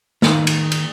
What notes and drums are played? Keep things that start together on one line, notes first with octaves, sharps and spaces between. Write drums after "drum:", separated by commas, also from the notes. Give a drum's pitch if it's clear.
D#3, drum: snare
drum: cymbal
drum: cymbal